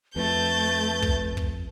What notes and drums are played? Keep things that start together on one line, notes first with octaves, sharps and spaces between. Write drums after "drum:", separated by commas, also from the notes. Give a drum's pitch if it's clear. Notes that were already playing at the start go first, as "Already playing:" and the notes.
F2 A3 B4 G6 A6
drum: kick
drum: kick